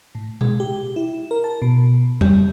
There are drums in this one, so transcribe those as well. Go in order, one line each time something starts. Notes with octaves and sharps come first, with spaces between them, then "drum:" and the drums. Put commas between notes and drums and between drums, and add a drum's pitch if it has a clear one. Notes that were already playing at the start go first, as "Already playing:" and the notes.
A2
G#3, drum: tom B2
G4
E4
A#4
A5
B2
G3, drum: tom E2